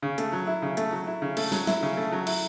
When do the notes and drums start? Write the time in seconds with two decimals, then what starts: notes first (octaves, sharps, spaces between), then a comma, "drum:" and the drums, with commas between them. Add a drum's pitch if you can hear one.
0.02 C#3
0.18 A3, drum: hi-hat
0.33 F#3
0.47 E4
0.62 C#3
0.77 A3, drum: hi-hat
0.92 F#3
1.07 E4
1.22 C#3
1.37 A3, drum: cymbal
1.52 F#3, drum: snare
1.67 E4, drum: snare
1.82 C#3
1.97 A3
2.12 F#3
2.27 E4, drum: cymbal